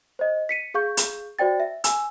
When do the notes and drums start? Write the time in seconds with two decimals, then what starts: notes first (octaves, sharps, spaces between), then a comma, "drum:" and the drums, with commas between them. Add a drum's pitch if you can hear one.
0.19 C5 D#5
0.49 B6 C#7 D#7
0.74 G#4 F5 C#6 G6
0.97 drum: hi-hat
1.39 F#4 C5 D5 G5 A6
1.60 E5
1.84 G#5 E6, drum: hi-hat